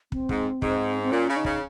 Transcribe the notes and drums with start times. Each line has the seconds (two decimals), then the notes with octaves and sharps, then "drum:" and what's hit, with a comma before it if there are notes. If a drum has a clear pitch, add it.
0.12 C4, drum: kick
0.29 G#2, drum: kick
0.62 G#2, drum: kick
1.03 C4
1.11 A#2 C#4
1.28 C#3
1.37 D#4
1.45 C#3, drum: kick